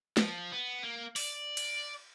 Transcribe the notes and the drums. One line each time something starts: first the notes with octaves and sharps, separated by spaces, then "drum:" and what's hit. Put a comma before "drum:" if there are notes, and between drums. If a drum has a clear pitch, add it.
F3, drum: snare
B3
A#3
D5, drum: open hi-hat
drum: cymbal